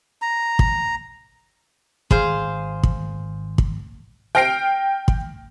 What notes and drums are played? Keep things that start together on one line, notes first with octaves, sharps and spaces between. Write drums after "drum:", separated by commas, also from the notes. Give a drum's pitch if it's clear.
A#5
drum: kick
G#1 G#4 C5 F5, drum: kick
drum: kick
drum: kick
G5 F6 A#6 C7 D7
drum: kick